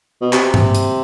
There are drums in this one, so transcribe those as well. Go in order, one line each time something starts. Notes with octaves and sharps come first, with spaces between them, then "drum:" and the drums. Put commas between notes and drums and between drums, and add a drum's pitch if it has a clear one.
B2
C3, drum: clap
drum: tom G2
drum: hi-hat